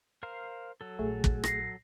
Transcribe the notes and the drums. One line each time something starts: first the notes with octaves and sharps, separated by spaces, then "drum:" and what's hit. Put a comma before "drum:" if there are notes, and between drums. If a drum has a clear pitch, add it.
A#4 C5 F5
F#3 A4
A#1 A3 G#4
drum: kick
A#6 C7, drum: rim click